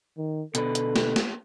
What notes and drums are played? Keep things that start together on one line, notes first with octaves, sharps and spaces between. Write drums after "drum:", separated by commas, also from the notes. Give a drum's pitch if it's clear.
D#3
B2 D3 A4 B4, drum: hi-hat
drum: hi-hat
drum: snare
drum: snare